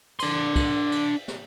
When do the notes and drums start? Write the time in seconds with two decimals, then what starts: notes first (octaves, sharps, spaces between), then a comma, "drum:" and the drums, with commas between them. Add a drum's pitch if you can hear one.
0.20 D4 C6, drum: cymbal
0.56 drum: kick, cymbal
0.92 drum: cymbal
1.28 drum: snare